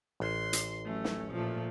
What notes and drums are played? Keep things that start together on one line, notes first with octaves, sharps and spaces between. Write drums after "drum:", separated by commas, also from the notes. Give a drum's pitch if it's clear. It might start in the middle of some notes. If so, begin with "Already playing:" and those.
A1 C6
drum: hi-hat
F#3 A3 C#4
drum: snare
A#2 F3 A3